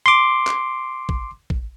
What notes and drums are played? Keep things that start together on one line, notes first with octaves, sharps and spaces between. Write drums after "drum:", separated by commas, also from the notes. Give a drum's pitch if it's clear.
C6 D6
drum: clap
drum: kick
drum: kick